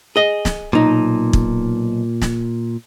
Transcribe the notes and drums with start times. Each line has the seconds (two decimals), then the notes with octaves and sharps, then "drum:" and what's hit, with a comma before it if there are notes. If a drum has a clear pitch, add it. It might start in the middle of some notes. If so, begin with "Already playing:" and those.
0.16 G#4 D#5
0.45 drum: snare
0.73 B1 A#2 D#4
1.33 drum: kick
2.22 drum: snare